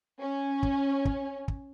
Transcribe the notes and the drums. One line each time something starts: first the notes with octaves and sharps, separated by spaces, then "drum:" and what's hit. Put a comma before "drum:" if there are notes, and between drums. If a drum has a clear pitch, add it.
C#4
drum: kick
drum: kick
drum: kick